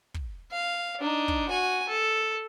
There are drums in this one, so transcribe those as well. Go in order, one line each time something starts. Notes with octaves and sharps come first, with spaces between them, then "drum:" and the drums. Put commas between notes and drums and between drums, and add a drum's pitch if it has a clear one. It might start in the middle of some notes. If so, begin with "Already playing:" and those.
drum: kick
F5
D4 D#4
drum: kick
F#4 G#5
A4